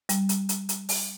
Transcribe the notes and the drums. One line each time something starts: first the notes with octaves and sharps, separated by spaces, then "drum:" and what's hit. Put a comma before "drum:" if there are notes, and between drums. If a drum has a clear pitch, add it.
G3, drum: hi-hat
drum: hi-hat
drum: hi-hat
drum: hi-hat
drum: open hi-hat